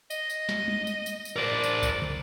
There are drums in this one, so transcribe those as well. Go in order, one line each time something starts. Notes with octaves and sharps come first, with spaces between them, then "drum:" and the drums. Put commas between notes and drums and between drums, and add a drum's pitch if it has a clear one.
D#5, drum: tambourine
drum: tambourine
drum: snare
drum: tom G3
drum: tambourine
drum: tambourine
drum: tambourine
A#4 C5 D5
drum: tambourine
drum: kick C2, tambourine
drum: tom